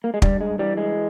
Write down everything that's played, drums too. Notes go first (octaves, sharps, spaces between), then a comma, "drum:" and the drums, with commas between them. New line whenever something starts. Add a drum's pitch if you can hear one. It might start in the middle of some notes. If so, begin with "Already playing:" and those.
A#3
G#3
G2 G3, drum: kick
G#3
E3 G3
G#3